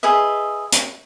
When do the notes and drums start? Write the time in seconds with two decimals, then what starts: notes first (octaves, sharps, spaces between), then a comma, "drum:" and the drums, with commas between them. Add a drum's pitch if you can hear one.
0.03 G#4 B4 D#5 E5
0.72 drum: hi-hat